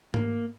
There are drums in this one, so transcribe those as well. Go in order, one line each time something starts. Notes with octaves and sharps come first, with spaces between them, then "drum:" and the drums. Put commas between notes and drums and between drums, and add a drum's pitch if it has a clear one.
A#3, drum: tom G#2